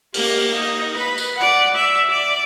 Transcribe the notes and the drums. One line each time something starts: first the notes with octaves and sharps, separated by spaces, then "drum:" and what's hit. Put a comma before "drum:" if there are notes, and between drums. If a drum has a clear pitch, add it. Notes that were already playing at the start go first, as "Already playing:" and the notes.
A#3 G4, drum: open hi-hat
D#4
B4 B5
drum: tambourine
D5 F#5
D5 E5
D5